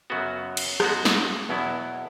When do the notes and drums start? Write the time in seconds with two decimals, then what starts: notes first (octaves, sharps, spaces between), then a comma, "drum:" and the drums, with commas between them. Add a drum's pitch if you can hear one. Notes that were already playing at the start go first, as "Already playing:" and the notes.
0.10 F#2 C#3 F#3 B3 F#4
0.57 drum: cymbal
0.80 G#2 G#3 B3 F#4, drum: rim click
1.05 drum: snare
1.49 E2 B2 F#3 B3 E4